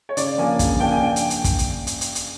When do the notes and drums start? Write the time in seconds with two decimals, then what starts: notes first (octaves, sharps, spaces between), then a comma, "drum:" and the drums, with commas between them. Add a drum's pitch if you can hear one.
0.09 C#5
0.17 C#3 D5, drum: hi-hat
0.38 F3 A#3 D4 G#5
0.59 C#3, drum: kick, hi-hat
0.80 F3 A#3 D4 G5
0.92 G#5
1.03 G5
1.16 drum: hi-hat
1.30 drum: hi-hat
1.44 drum: kick, hi-hat
1.58 drum: hi-hat
1.87 drum: hi-hat
2.01 drum: hi-hat
2.15 drum: hi-hat